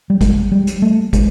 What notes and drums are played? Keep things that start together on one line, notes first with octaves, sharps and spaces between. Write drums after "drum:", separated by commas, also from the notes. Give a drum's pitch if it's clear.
G3
G#3, drum: kick, hi-hat
G3
drum: hi-hat
A3
G#3, drum: kick, hi-hat